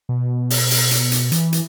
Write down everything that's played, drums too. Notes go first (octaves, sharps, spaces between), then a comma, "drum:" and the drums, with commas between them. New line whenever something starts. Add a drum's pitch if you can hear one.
B2
drum: open hi-hat
drum: open hi-hat
drum: hi-hat
drum: hi-hat
E3, drum: hi-hat
drum: hi-hat